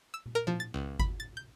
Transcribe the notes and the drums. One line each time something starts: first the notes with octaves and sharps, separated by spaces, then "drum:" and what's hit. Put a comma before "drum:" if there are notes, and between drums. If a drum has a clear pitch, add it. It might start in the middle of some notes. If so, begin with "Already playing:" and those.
E6
drum: tom
A#4
F3, drum: tom A#2
A6
C#2
B5, drum: kick G1
A6
G6